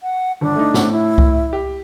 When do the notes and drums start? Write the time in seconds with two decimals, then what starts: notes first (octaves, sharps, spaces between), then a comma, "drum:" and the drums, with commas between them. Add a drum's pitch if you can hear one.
0.02 F#5
0.41 G1 D4
0.56 A3 D#4
0.74 A2, drum: snare
0.92 E4
1.18 drum: kick C2
1.53 G4